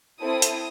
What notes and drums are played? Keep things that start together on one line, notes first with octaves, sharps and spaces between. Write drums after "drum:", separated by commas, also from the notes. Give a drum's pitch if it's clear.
C4 E4 A4 D#6
drum: hi-hat